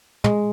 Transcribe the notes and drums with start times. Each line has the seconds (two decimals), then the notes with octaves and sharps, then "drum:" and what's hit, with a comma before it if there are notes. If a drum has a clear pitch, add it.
0.24 G#3, drum: tom